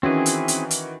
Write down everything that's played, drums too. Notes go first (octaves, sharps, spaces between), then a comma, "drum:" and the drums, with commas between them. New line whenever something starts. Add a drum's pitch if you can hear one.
D#3 E3 C4 C#4 E4 F#4 G#4
drum: hi-hat
drum: hi-hat
drum: hi-hat